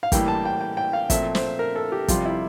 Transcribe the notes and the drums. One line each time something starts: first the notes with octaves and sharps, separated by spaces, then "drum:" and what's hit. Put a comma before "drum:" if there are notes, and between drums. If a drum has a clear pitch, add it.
F5
A2 E3 G3 A#3 G5, drum: kick, hi-hat
A5
G5
G5
G5
F5
A#2 F3 A3 C4 E5, drum: kick, hi-hat
C5, drum: snare
A#4
A4
G4
F2 C3 G3 F4, drum: kick, hi-hat
E4